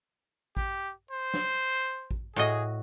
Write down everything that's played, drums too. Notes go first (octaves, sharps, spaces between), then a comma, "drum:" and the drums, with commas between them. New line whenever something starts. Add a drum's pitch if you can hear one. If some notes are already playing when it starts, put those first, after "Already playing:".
G4, drum: kick A1
C5
drum: snare
drum: kick A1
A2 F#4 G#4 D#5